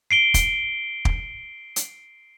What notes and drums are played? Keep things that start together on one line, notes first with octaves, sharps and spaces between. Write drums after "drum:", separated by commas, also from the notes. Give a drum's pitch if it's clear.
C7 D7 G7
drum: kick, hi-hat
drum: kick
drum: hi-hat